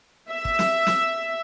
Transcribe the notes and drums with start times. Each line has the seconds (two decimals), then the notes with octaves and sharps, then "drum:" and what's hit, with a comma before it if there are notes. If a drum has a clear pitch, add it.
0.31 E5
0.45 drum: kick
0.59 drum: snare
0.87 drum: snare